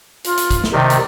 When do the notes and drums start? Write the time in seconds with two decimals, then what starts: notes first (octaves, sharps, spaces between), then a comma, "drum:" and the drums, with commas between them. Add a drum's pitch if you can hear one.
0.24 F4, drum: hi-hat
0.37 drum: hi-hat
0.51 drum: kick, hi-hat
0.64 drum: snare
0.73 C3 D#3 D5
0.90 drum: hi-hat